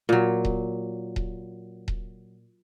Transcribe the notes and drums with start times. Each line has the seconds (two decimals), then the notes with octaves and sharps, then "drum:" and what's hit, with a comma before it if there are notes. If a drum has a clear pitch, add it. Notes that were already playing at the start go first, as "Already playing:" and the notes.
0.09 A#2 F#3
0.45 drum: kick D#1
1.16 drum: kick D#1
1.88 drum: kick D#1